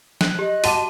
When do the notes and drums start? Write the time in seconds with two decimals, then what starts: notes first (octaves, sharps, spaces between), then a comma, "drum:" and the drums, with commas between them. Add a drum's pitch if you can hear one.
0.21 F#6, drum: snare
0.39 G4 D#5
0.64 F#4 F#5 A5 D6 D#7, drum: open hi-hat